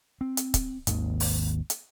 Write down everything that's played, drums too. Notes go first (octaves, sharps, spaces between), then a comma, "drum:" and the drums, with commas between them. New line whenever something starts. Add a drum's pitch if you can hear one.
C4
drum: hi-hat
drum: kick, hi-hat
G#1 D#2, drum: hi-hat
drum: open hi-hat
drum: hi-hat